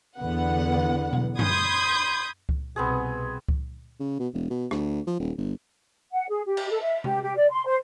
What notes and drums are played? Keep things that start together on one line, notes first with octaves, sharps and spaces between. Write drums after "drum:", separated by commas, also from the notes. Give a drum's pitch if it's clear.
E2 D3 B3 F#5
drum: tom B2
B5 C6 D#6 G6 G#6, drum: tom F#2
drum: kick C#2
C2 B2 B3 C4 G#4
drum: kick C#2
C#3
B2
E1
B2
D2, drum: rim click
F3
D#1
G1
F#5
G#4
G4
drum: cymbal
A4
E5
G4, drum: tom C3
G4
D5
C6
C5